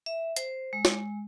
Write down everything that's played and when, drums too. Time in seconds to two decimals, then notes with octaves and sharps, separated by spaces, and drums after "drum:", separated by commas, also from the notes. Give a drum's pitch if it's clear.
0.06 E5
0.36 C5, drum: hi-hat
0.73 G#3
0.85 drum: snare